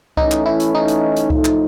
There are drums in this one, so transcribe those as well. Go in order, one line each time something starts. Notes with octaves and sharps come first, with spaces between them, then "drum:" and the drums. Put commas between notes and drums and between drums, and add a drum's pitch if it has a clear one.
E3 A3 C#4 D#4, drum: kick C2
drum: clap
E4
drum: hi-hat
D#4
drum: hi-hat
drum: hi-hat
A2 F3 A3, drum: kick C2
drum: clap